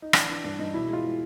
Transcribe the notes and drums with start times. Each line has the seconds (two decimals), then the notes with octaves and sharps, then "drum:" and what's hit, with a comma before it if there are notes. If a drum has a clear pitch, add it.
0.02 D#4
0.13 E3 D4, drum: rim click
0.29 E3 D4
0.44 G2 D4
0.59 G2 D#4
0.74 B2 E4
0.88 G#3 F4
1.04 G#3